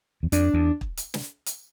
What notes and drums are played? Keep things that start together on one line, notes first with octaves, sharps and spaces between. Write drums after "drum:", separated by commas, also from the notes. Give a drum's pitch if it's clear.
E2
F2 D4, drum: hi-hat
E2
drum: kick
drum: hi-hat
drum: snare
drum: hi-hat